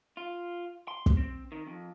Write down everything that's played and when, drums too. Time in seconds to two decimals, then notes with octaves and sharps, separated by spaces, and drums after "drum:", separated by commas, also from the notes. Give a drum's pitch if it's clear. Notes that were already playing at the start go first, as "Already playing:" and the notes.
0.17 F4
0.88 C6
1.06 drum: kick
1.17 C4
1.52 D#3
1.67 F2